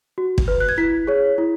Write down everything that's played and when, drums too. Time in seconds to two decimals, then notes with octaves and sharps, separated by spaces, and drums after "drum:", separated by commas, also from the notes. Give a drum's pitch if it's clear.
0.18 F#4
0.38 drum: kick
0.48 B4
0.60 F#6
0.69 G#6
0.78 E4 B6
1.07 G#4 C#5
1.38 E4